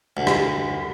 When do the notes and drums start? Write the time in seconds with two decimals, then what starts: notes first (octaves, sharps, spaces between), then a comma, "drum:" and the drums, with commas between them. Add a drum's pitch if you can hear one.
0.17 D2
0.27 drum: rim click